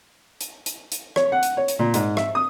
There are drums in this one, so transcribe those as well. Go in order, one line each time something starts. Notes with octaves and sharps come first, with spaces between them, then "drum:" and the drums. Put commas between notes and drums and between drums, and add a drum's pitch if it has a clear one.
drum: hi-hat
drum: hi-hat
drum: hi-hat
C#5, drum: rim click
F#5
drum: hi-hat
C#5
drum: hi-hat
A#2
G#2, drum: hi-hat
E5, drum: rim click
D#6